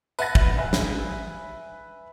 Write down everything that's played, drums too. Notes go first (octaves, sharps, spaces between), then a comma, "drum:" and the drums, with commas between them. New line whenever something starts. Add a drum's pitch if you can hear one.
B4 E5 F#5 B5 A6 A#6, drum: tambourine
drum: kick
B4 E5 G#5
drum: snare